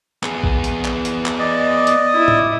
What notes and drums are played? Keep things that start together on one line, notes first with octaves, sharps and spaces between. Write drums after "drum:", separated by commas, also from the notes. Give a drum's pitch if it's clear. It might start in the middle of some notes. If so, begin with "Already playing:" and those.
B3 G#4, drum: clap
drum: kick A#1
drum: hi-hat
drum: clap
drum: hi-hat
drum: clap
D5 D#5
drum: hi-hat
E4 D#6
drum: tom A2